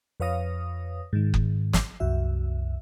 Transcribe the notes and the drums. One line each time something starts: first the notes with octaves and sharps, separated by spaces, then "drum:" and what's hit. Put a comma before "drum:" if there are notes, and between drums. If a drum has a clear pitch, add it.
F2 B4 C#5 F5 D#6 A#6
G#2 D#3
drum: kick F#1
drum: snare
C2 F#2 F#4 E5